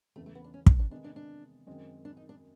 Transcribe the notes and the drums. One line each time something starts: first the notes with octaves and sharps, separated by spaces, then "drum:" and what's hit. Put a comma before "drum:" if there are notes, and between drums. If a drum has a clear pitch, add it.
E2 C#3 E3 A3
A3
B3
D4
C#4
D4, drum: kick
D4
C3 D#3 G#3 B3 D4
D4
D4
F#2 D#3 G#3 C4
D4
D#4
D4